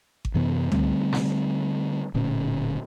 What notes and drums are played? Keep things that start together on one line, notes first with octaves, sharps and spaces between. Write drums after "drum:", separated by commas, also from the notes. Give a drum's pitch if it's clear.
drum: kick G#1
F#2 C3 E3 B3
D3 G3 A3 C4, drum: tom
drum: snare
D1 D2 A#2 C#4